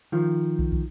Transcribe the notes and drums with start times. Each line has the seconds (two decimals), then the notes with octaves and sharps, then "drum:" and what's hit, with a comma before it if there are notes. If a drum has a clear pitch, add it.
0.12 D#3 F3
0.59 drum: kick
0.72 drum: kick